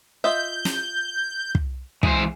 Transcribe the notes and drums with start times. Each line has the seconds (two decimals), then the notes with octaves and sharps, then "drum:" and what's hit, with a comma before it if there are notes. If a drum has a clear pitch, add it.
0.24 F4 D#5 E5 G6
0.65 drum: snare
1.55 drum: kick
2.03 E3 G#3 G#4 C5, drum: kick